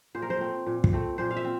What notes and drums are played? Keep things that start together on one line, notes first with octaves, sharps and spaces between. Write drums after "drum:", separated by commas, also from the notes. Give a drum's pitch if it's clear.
A#2 C5
A#4
C5
A3 C4
A#2
drum: kick
A3 C4
A#2 C5
F5
E5
C4